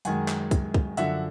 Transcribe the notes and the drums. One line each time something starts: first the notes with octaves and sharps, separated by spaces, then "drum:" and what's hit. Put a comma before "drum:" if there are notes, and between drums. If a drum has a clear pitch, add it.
F#2 D#3 G#3 F#5 G#5, drum: hi-hat
drum: clap
drum: kick, hi-hat
drum: kick
F#2 D3 F3 E5 F#5, drum: hi-hat